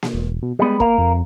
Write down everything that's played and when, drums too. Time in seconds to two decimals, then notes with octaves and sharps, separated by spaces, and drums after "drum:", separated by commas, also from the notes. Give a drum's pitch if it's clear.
0.03 drum: snare A#3
0.13 E1
0.42 B2
0.59 G3 G#3 B3
0.80 A#3 A#4 F5, drum: kick
0.98 F2